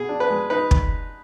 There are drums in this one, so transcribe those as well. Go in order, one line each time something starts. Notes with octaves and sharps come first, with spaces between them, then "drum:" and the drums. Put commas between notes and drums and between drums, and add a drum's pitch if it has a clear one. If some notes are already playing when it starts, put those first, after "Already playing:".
Already playing: B2 G#4
D4
B4
G#3
D#4 B4
drum: kick